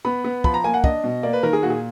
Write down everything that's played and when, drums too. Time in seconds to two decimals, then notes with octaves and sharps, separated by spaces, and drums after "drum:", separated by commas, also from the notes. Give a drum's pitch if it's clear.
0.05 B3 B5
0.24 B3
0.44 F3 B5, drum: kick
0.54 A#5
0.64 A#3 G#5
0.74 F#5
0.84 D4 D#5, drum: kick
1.04 B2
1.23 A#3 D5
1.33 B4
1.43 D#3 A#4
1.53 G#4
1.63 A#2 F#4
1.70 G#4